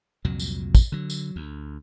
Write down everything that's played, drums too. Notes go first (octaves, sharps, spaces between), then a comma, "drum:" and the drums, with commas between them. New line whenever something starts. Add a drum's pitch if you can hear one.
C2 F2 A#2 F#3
drum: tambourine
drum: kick, tambourine
D3 F#3
drum: tambourine
D2